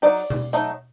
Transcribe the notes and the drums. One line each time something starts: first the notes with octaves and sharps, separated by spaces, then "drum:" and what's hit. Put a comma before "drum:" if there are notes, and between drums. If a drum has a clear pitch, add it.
F#3 A3 D#4 D5
drum: open hi-hat
drum: tom B2
F#3 A3 D#4, drum: hi-hat